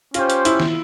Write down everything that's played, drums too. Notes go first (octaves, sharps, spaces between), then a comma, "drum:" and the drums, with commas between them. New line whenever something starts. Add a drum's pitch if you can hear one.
C#4 F4 G4 C5 G5, drum: hi-hat
drum: hi-hat
E4, drum: hi-hat
drum: snare